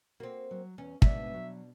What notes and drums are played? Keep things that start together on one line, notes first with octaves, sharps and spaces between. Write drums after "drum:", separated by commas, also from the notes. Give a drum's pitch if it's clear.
A#3 C4 F#4
F#3
E2 C#4
G#2 B2 G#3 B3 D4 E5, drum: kick
F#3